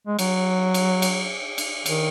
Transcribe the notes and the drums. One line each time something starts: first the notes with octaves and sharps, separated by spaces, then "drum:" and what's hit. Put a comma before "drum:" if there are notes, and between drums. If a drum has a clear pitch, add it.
G#3
F#3, drum: cymbal
drum: cymbal
drum: cymbal
drum: cymbal
D#3, drum: cymbal